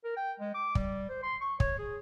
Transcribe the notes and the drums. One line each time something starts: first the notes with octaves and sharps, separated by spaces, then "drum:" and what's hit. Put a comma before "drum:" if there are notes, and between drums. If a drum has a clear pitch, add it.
A#4
G5
G#3
D6
G3, drum: kick
C5
C6
C#6
C#5, drum: kick
G#4